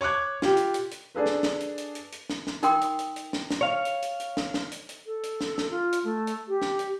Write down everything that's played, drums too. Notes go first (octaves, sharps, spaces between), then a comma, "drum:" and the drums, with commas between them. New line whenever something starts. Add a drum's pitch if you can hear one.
C#5 C#6 D6 F#6 G#6
F4 G4, drum: snare
drum: hi-hat
drum: hi-hat
drum: hi-hat
D4 G#4 A4 B4
drum: snare
drum: snare
drum: hi-hat
drum: hi-hat
drum: hi-hat
drum: hi-hat
drum: snare
drum: snare
D#4 A#4 G5 C6 D#6, drum: hi-hat
drum: hi-hat
drum: hi-hat
drum: hi-hat
drum: snare
drum: snare
C#5 F5
drum: hi-hat
drum: hi-hat
drum: hi-hat
drum: snare
drum: snare
drum: hi-hat
drum: hi-hat
A4
drum: hi-hat
drum: snare
drum: snare
F4
drum: hi-hat
A3
drum: hi-hat
G4
drum: snare
drum: hi-hat